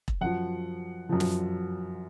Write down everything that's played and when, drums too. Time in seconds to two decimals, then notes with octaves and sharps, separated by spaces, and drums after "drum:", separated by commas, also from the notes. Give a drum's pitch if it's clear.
0.08 drum: kick E1
0.21 F#2 F3 F#5
1.09 F#2 F3
1.20 drum: snare